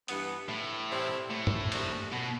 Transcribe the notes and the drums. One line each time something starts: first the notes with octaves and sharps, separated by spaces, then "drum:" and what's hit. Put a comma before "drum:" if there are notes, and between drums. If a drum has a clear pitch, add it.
G2 E3 B3, drum: hi-hat
A2
C3 E3 G3 C4 E4
A2
drum: tom
F#2 D3 G3 C4 F#4, drum: cymbal
B2